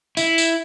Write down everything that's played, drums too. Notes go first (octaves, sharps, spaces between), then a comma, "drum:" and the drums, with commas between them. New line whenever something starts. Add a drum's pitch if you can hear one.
E4, drum: tambourine
drum: tambourine